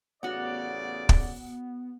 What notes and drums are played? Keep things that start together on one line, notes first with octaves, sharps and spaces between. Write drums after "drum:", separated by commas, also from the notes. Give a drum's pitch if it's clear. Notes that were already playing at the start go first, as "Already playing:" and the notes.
A1 C#3 B3 F#4 C#5 D5
drum: kick